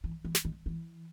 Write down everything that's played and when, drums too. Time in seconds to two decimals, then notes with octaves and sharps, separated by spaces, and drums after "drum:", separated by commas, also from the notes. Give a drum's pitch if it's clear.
0.04 E3
0.25 E3
0.35 drum: snare
0.45 D#3
0.66 E3